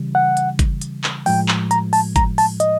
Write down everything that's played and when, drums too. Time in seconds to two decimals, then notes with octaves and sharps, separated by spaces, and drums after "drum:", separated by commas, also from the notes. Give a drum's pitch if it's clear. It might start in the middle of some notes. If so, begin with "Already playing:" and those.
Already playing: C#3 E3 G3
0.15 F#5
0.37 drum: hi-hat
0.59 drum: kick, hi-hat
0.81 drum: hi-hat
1.04 drum: clap
1.26 A2 F3 G#3 G5, drum: open hi-hat
1.48 drum: clap
1.71 A#5, drum: hi-hat
1.93 A5, drum: open hi-hat
2.16 A#5, drum: kick, hi-hat
2.38 A5, drum: open hi-hat
2.60 D#5, drum: hi-hat